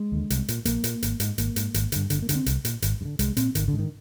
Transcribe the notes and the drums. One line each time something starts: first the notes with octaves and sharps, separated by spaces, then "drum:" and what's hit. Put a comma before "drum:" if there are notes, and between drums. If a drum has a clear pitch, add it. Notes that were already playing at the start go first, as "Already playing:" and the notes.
Already playing: G#3
D#2 D3
C2, drum: hi-hat
A#2, drum: hi-hat
A#1 A#3, drum: hi-hat
A#2, drum: hi-hat
G#1, drum: hi-hat
G#2, drum: hi-hat
G#1 A#3, drum: hi-hat
G#2, drum: hi-hat
G#1, drum: hi-hat
G2 D3, drum: hi-hat
G1 D3, drum: hi-hat
A#3
G2 D3, drum: hi-hat
C4
C2, drum: hi-hat
A#2, drum: hi-hat
G#1, drum: hi-hat
G2
D3
C2 G#3, drum: hi-hat
A#2 C4, drum: hi-hat
G#1 D#3, drum: hi-hat
D3
G#2
D#3